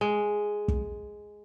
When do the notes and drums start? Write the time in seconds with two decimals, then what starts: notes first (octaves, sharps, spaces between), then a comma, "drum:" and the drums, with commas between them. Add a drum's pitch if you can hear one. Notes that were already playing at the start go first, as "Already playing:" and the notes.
0.01 G#3
0.68 drum: kick